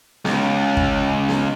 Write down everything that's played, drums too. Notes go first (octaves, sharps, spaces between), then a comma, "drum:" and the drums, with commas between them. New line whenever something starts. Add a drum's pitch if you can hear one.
C#2, drum: snare B3
drum: kick
drum: snare B3